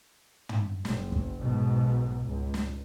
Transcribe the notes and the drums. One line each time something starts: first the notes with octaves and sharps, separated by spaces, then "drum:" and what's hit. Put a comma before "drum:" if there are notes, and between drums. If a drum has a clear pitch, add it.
drum: tom
F#1, drum: snare
drum: kick
B1 G#2 B2
C#2
drum: snare